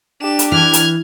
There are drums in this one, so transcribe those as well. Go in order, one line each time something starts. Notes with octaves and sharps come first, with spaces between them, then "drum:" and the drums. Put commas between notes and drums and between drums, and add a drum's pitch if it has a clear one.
D4 G4 E7
drum: hi-hat
E3 F6 G#6
drum: hi-hat